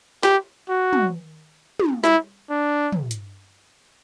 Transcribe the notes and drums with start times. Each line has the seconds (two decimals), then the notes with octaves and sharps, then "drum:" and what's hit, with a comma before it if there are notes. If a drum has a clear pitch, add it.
0.23 G4, drum: snare
0.69 F#4
0.93 drum: tom
1.80 drum: tom
2.04 E4, drum: snare
2.50 D4
2.92 drum: tom
3.11 drum: hi-hat